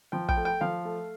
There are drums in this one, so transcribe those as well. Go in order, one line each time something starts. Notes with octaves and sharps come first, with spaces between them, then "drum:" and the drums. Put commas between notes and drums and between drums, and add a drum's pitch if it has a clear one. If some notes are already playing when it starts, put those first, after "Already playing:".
F3 G5
G5, drum: kick
A3
G5
F3 F5
A3